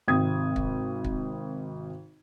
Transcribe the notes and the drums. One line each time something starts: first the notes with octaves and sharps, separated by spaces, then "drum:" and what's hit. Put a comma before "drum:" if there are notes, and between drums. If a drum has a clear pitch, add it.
G#1 C3 G5 D#6 G#6
drum: kick
drum: kick